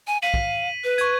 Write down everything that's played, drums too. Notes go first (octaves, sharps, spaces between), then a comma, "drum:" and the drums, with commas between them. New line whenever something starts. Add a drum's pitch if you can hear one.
G#5
F5 B6 D#7 F#7
drum: kick
B4
C#6 G#6, drum: hi-hat